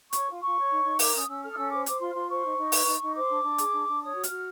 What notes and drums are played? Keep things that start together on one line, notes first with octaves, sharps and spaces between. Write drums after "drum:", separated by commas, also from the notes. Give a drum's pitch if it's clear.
C#5 C#6, drum: hi-hat
F4
F4 C#6
C#5
D#4
D#4
A#4 D6, drum: open hi-hat
C#4 D#6
C#4 E6
A4 F6
D#6
C#4 E6
C5 D6
C5 D6, drum: hi-hat
F4 C6
F4 C6
C5 C#6
D#4
D#4
B4, drum: open hi-hat
D#4
D#4
C5 D6
D4
D4
G#4, drum: hi-hat
D4
D4
C#5 D#6
F#4
F6, drum: hi-hat
F#4